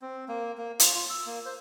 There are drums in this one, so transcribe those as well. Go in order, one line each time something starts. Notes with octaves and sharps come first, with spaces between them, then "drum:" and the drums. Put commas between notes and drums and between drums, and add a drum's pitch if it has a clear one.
C4
A#3
A#3
F4, drum: hi-hat
F4
E6
A#3
C5